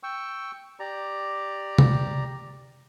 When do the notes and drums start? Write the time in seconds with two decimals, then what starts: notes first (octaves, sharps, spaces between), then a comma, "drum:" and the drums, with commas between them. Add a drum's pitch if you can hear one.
0.03 G5 C#6 E6
0.80 G4 D5 A#5
1.79 drum: tom C3